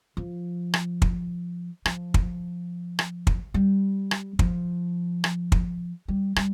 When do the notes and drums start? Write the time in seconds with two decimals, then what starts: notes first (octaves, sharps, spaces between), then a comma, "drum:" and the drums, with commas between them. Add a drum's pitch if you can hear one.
0.17 F3
0.74 drum: rim click
1.02 drum: kick
1.85 F3, drum: rim click
2.14 drum: kick
2.99 drum: rim click
3.27 drum: kick
3.54 G3
4.11 drum: rim click
4.39 F3, drum: kick
5.24 drum: rim click
5.52 drum: kick
6.08 G3
6.36 G3, drum: rim click